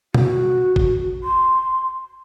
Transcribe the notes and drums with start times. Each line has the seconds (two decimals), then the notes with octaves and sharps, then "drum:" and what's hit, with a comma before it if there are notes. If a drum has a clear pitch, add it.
0.14 F#4, drum: tom
0.76 drum: kick G#1
1.23 C6